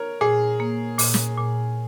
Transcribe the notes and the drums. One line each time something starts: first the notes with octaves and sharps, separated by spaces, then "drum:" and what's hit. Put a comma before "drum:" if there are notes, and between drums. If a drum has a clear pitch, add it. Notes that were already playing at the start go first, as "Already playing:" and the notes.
Already playing: A#4 C#5
A#2 G#4
A#3
A#2, drum: open hi-hat
drum: snare
A#2